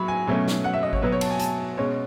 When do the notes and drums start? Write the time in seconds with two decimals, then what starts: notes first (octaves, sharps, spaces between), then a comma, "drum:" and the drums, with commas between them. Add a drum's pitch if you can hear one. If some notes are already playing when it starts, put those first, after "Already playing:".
Already playing: A2 F#3 B5 C#6
0.08 G#5
0.27 B2 F#3 A3 C#4
0.48 drum: snare
0.64 F#5
0.74 E5
0.83 D#5
0.93 C#5, drum: kick G#1
1.02 B2 F#3 B3 B4
1.12 C#5
1.21 A5, drum: cymbal
1.31 G#5
1.39 A5, drum: hi-hat
1.77 B2 G#3 C#4 C#5